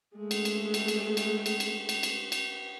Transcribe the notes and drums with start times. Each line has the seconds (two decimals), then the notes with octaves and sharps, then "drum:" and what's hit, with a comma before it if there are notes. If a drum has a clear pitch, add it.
0.16 G#3 A3
0.31 drum: cymbal
0.45 drum: cymbal
0.74 drum: cymbal
0.88 drum: cymbal
1.17 drum: cymbal
1.46 drum: cymbal
1.60 drum: cymbal
1.89 drum: cymbal
2.03 drum: cymbal
2.32 drum: cymbal